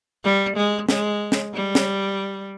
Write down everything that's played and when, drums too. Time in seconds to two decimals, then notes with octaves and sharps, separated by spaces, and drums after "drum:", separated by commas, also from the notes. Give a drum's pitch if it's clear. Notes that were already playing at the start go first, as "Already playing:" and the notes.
0.24 G3
0.56 G#3
0.89 G#3, drum: snare
1.32 drum: snare
1.54 G3
1.75 drum: snare